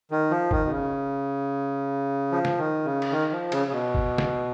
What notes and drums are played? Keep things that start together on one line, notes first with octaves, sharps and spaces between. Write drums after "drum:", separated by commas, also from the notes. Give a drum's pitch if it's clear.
D#3
F3
D#3, drum: kick G1
B2
C#3
F3
drum: snare
D#3
C#3
drum: cymbal
D#3
F3
C#3, drum: cymbal
C#3
B2
drum: kick G1
drum: snare